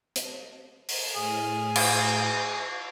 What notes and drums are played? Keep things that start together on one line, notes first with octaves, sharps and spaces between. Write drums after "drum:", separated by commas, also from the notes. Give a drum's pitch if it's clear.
drum: hi-hat
drum: open hi-hat
A2 G#4 F6
drum: cymbal